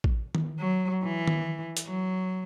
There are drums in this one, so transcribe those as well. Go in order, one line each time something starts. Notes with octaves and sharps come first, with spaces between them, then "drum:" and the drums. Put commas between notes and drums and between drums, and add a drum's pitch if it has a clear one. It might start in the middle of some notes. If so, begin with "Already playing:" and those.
drum: kick A1
drum: tom D#3
F#3
E3
drum: tom D#3
drum: hi-hat
F#3